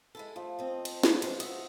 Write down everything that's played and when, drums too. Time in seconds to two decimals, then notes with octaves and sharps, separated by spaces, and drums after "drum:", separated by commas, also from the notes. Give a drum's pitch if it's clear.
0.15 G#3 E4 A4
0.36 F3 A3
0.59 C4 D#5
0.85 drum: cymbal
1.03 drum: snare
1.22 E3 F3 G#3, drum: cymbal
1.40 F#4 D#5 E5, drum: cymbal